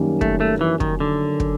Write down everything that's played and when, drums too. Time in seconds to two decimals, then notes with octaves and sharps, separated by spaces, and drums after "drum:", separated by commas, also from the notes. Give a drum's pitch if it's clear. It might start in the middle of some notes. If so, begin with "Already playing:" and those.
Already playing: F#2 D#3 G3 A#3
0.21 A3, drum: kick
0.41 A3
0.61 E3
0.80 D#3, drum: kick
1.00 D3
1.40 drum: kick